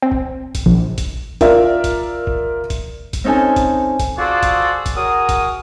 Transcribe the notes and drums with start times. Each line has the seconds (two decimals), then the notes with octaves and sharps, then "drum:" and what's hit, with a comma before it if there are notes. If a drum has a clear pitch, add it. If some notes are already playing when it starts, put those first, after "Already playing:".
0.02 C4
0.12 drum: kick
0.55 drum: kick, hi-hat
0.66 A#1
0.98 drum: kick, hi-hat
1.41 F4 A#4 D5 E5, drum: kick, hi-hat
1.84 drum: kick, hi-hat
2.27 drum: kick
2.70 drum: kick, hi-hat
3.13 drum: kick, hi-hat
3.24 C4 C#4 D#4 A4 G#5
3.56 drum: kick, hi-hat
3.99 drum: kick, hi-hat
4.18 F4 F#4 G#4 A4 C5 D5
4.43 drum: kick, hi-hat
4.86 drum: kick, hi-hat
4.96 F#4 G#4 A#4 D#6
5.29 drum: kick, hi-hat